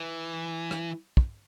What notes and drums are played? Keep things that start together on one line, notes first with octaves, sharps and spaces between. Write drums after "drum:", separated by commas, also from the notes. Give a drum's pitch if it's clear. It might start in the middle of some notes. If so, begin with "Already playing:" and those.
Already playing: E3
drum: rim click
drum: kick